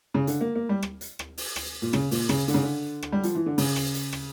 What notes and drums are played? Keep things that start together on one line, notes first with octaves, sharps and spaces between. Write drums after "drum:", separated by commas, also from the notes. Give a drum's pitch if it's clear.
C#3
D3, drum: hi-hat
A#3
A#3
G3
drum: rim click
drum: hi-hat
drum: rim click
drum: open hi-hat
drum: rim click
A#2
C#3, drum: rim click
A#2, drum: open hi-hat
C#3, drum: rim click
D3, drum: hi-hat
C#3
D3
drum: rim click
G3
F3, drum: hi-hat
E3
D3
C#3, drum: open hi-hat
drum: rim click
drum: hi-hat
drum: rim click